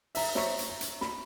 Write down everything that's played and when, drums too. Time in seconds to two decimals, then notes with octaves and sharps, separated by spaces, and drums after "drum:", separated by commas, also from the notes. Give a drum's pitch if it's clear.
0.15 E5 A#5, drum: open hi-hat
0.35 C5 C#5 E5 A#5 C#6, drum: snare
0.59 drum: hi-hat
0.70 A#5
0.81 drum: hi-hat
1.01 B5, drum: snare